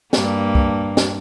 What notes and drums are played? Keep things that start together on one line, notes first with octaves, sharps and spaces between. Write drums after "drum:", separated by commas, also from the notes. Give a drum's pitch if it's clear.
G2 A#3, drum: snare
drum: kick
drum: snare